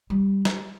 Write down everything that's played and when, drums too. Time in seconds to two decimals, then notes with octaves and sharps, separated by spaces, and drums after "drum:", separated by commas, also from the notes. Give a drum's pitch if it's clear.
0.10 G3
0.45 drum: snare